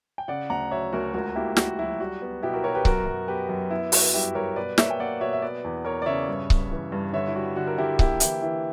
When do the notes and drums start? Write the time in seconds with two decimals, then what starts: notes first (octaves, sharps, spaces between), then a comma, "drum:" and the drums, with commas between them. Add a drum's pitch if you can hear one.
0.18 G5
0.28 C#3 D5 F#5
0.50 D2 F#5 A#5
0.71 F#3 C#5 E5
0.93 D2 F#4 A#4
1.14 C#2 F#4 A#4
1.35 A#3 E4 G4
1.57 A#3 F#4, drum: snare
1.79 F#3 E4
2.00 G3 F#4
2.22 B3
2.43 B2 E4 G4
2.53 F#4 A#4
2.64 B2 A#4 C#5
2.75 G4 B4
2.85 F#2 F#4 A#4, drum: kick C#1
3.06 F#2
3.28 B3 G4 B4
3.49 F#2
3.71 B3 E4
3.92 B3 F#4, drum: open hi-hat
4.14 G2 E4 G4
4.35 G2 A#4 C#5
4.56 B2 B4 D5
4.78 A#3 C#5 E5, drum: snare
4.90 G5
4.99 A#3 D5 F#5
5.21 B2 C#5 E5
5.33 E5
5.42 B3 B4 D5
5.64 E2
5.85 B3 A#4 C#5
6.02 D5
6.06 C#3 C#5 E5
6.28 G2
6.50 G2, drum: kick C#1
6.71 E3
6.92 G2
7.13 D3 C#5 E5
7.28 E4
7.35 G3 F#4
7.56 D3 F#4
7.67 A#4
7.78 D3 E4 G4
7.99 A#3 E4 G4, drum: kick C#1
8.20 E3 E4, drum: hi-hat
8.42 E3 E4